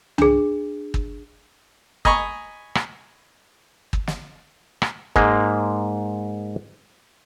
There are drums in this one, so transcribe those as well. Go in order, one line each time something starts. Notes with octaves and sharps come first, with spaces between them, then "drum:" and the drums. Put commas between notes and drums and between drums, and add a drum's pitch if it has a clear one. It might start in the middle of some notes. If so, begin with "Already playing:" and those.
D4 G#4, drum: tom C2
drum: kick
D#5 G#5 A#5 B5 C#6, drum: kick
drum: rim click
drum: kick
drum: snare
drum: rim click
G#2 G#3 A#3, drum: kick